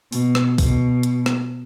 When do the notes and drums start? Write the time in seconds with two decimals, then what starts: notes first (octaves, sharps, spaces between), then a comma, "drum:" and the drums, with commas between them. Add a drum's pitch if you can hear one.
0.12 B2, drum: open hi-hat
0.35 drum: rim click
0.58 B2, drum: kick, open hi-hat
1.03 drum: hi-hat
1.26 drum: rim click